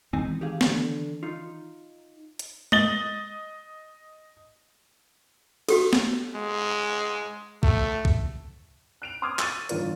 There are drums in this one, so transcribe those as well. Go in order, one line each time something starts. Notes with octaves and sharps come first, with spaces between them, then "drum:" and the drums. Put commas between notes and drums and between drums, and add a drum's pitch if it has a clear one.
D#3 E3 G#3 C4 D#4 G#5
G4 G#4 F5
D3, drum: snare
D#4 F4
drum: hi-hat
D#5 A6 G7, drum: tom G#3
F#4 G4 A4, drum: cymbal
drum: snare
G#3
A3, drum: kick
drum: kick
F#6 D7 F7
C6 D6 D#6 F6 G#6
C#6 E6 A6 D#7, drum: clap
G1 E2 D#3 F4 A#4 D5, drum: hi-hat